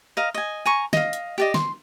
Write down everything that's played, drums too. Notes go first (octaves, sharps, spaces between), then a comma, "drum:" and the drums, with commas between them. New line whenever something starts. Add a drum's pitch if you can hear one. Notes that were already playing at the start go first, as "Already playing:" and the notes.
A#4 D#5 F5
D#5 G#5
G#5 A#5 C#6
D#5 F5, drum: snare
drum: hi-hat
G4 D5 D#5
C6, drum: snare